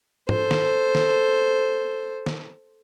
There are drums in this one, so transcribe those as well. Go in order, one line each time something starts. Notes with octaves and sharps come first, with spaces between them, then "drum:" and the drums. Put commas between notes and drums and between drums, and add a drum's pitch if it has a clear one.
A4 C5, drum: tom
drum: snare
drum: snare
drum: snare